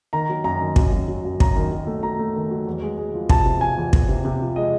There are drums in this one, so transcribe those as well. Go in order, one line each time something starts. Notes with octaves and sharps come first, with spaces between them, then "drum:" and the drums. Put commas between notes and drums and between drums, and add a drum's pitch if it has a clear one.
D#3 A#5
F#3
F#2 A#5
D#3
F#2, drum: kick
F#2
F#3
F#2
F#2 A#5, drum: kick
D#3
F#3
A3
F#3 A#5
A3
D#3
F#3
E2
G#3
G#3
F3
C3 A5, drum: kick
C3
F3 G#5
E2
E2, drum: kick
C3
C3
F3
G#3 D#5